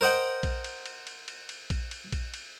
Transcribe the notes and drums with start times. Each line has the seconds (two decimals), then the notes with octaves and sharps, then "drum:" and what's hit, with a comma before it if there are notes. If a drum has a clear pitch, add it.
0.01 A#4 C5 D#5 F#5 G5
0.43 drum: kick A#1, cymbal
0.64 drum: cymbal
0.86 drum: cymbal
1.07 drum: cymbal
1.28 drum: cymbal
1.49 drum: cymbal
1.70 drum: kick A#1, cymbal
1.91 drum: cymbal
2.12 drum: kick A#1, cymbal
2.34 drum: cymbal